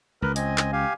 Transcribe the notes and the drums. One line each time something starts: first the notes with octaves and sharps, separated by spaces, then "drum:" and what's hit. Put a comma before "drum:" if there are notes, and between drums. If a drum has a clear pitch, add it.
C#2 A#4 B4
C4 D#5 G#5, drum: hi-hat
drum: clap
G4 F5 G#5